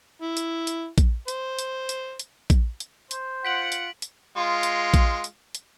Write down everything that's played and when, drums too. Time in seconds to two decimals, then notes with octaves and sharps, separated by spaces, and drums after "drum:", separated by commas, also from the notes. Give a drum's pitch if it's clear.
0.22 E4
0.37 drum: hi-hat
0.67 drum: hi-hat
0.98 drum: kick A#1, hi-hat
1.28 C5, drum: hi-hat
1.59 drum: hi-hat
1.89 drum: hi-hat
2.19 drum: hi-hat
2.50 drum: kick A#1, hi-hat
2.80 drum: hi-hat
3.11 C5, drum: hi-hat
3.45 F4 F#5 B6 D7 F#7
3.72 drum: hi-hat
4.02 drum: hi-hat
4.36 G#3 F4
4.63 drum: hi-hat
4.94 drum: kick A#1, hi-hat
5.24 drum: hi-hat
5.55 drum: hi-hat